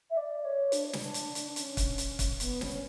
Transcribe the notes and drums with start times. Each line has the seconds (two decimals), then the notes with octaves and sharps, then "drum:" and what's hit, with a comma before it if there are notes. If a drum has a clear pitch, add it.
0.10 E5
0.17 D5
0.44 C#5
0.72 D4, drum: hi-hat
0.93 drum: snare
1.14 drum: hi-hat
1.35 drum: hi-hat
1.56 C#4, drum: hi-hat
1.77 drum: kick, hi-hat
1.98 drum: hi-hat
2.19 drum: kick, hi-hat
2.40 B3, drum: hi-hat
2.61 C#4, drum: snare